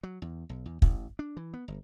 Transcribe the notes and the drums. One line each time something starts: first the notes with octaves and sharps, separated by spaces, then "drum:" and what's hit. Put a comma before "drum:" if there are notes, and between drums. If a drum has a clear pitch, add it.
F#3
E2
B1
E2
A1, drum: kick
D4
E3
B3
G1